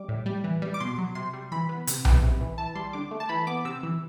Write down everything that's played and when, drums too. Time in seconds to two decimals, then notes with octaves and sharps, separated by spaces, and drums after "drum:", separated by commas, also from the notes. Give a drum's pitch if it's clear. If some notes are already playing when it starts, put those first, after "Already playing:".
Already playing: G3 D6
0.08 A2
0.26 G3
0.44 E3
0.62 G3
0.74 D6
0.80 B2 C6
0.98 F#3
1.15 C3 C6
1.33 G3
1.52 E3 B5
1.69 B3
1.87 C3, drum: hi-hat
2.05 E3, drum: tom B1
2.23 C3
2.40 E3
2.58 E3 A5
2.75 G3 C6
2.93 D3 D6
3.11 A3
3.20 A5
3.29 E3 B5
3.47 B3 D6
3.65 C3 E6
3.83 E3